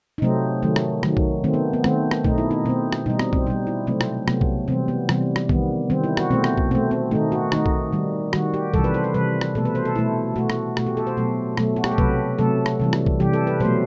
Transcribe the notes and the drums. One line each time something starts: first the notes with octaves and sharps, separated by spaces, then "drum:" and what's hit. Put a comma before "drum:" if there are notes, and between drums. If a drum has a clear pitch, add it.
D#4
C3 F#3 A3 C4
D#3 F#3 A3
drum: rim click
D#3 F#3 A3, drum: rim click
drum: kick B1
D#3 A3 C4
B3
B3
D#3 A3 C4, drum: rim click
drum: rim click
B2 A3 D#4, drum: kick B1
E4
D#4
B2 A3 C4
drum: rim click
B2 G3 D#4
C4, drum: rim click
C4, drum: kick B1
B2 G3 D#4
E4
C3 F#3 A3 C4
drum: rim click
C3 F#3 A3 B3, drum: rim click
drum: kick B1
C3 E3 G3 C4
B3
C3 E3 G3, drum: rim click
drum: rim click
D#3 G3 B3, drum: kick B1
D#3 G3 C4
E4
F#4, drum: rim click
B2 A3 C4
drum: rim click
drum: kick B1
B2 A3 C4
C4
D#3 A3 D#4
F#4
D#3 A3 D#4, drum: rim click
drum: kick B1
D#3 G3
D#3 G3 F#4, drum: rim click
G4
C3 E3 G3 A4, drum: kick B1
B4
C5
B4
C3 E3 G3 B4
drum: rim click
B2 A3 A4
B4
C5
A4
B2 A3 E4
B2 A3 F#4
drum: rim click
B2 A3 F#4, drum: rim click
G4
A4
C5
B2 F#3 A3
B2 F#3 A3, drum: rim click
F#4
G4, drum: rim click
A4
C3 F#3 A3 B4, drum: kick B1
C3 F#3 A3 A4
drum: rim click
C3 E3 G3
drum: rim click
drum: kick B1
C3 E3 G3 G4
A4
B4
B2 F#3 A3 C5